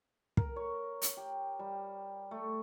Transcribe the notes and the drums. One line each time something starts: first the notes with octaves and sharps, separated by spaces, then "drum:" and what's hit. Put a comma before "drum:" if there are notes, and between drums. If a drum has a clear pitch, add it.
A#4, drum: kick
C#5
drum: hi-hat
G4
G3
A3